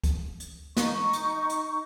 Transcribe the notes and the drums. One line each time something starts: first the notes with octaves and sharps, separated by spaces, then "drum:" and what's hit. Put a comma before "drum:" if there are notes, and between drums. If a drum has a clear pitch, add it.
drum: kick, hi-hat
drum: hi-hat
D#4 C#6, drum: snare
drum: hi-hat
drum: hi-hat